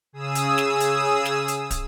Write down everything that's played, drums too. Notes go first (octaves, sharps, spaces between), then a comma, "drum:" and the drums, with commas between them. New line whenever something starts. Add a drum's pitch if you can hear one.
C#3 G#4 D#6 E6
drum: hi-hat
drum: snare
drum: hi-hat
drum: snare
drum: hi-hat
drum: kick, hi-hat